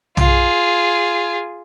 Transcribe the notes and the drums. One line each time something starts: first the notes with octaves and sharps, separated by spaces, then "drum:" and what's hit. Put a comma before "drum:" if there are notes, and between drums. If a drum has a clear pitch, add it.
F4 G#4, drum: tom